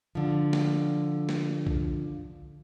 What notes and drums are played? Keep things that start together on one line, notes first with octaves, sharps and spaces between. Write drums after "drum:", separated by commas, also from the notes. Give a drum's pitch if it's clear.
D3 F3
drum: snare
drum: snare
drum: kick